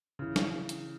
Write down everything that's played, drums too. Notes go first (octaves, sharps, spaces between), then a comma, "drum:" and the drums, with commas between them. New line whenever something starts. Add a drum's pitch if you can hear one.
C#3 E3
drum: snare
drum: hi-hat